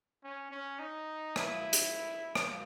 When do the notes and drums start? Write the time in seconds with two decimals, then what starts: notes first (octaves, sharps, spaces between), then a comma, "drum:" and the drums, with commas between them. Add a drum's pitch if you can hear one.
0.23 C#4
0.51 C#4
0.79 D#4
1.36 E4, drum: rim click
1.73 drum: hi-hat
2.35 drum: rim click